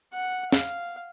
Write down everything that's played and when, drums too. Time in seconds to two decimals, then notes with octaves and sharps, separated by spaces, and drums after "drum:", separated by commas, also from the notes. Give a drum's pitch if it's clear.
0.13 F#5
0.52 F5, drum: snare